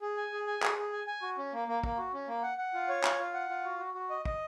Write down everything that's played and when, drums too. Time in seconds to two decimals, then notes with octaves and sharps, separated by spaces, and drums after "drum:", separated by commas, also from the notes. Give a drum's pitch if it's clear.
0.01 G#4
0.17 G#5
0.32 G#4
0.47 G#5
0.62 G#4, drum: clap
0.77 G#4
0.93 G#5
1.07 G#5
1.22 F#4
1.38 C#4
1.53 A#3
1.68 A#3
1.83 A#3, drum: kick
1.98 F#4
2.14 C#4
2.28 A#3
2.43 F#5
2.58 F#5
2.74 F4
2.89 C#5
3.04 F4, drum: clap
3.19 F4
3.34 F#5
3.49 F4
3.64 F#4
3.79 F#4
3.94 F#4
4.10 D#5
4.25 D#5, drum: kick